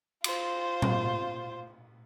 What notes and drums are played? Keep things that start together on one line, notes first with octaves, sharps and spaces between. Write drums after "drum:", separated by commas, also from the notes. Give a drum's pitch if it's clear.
F4 C5, drum: cymbal
drum: tom A#2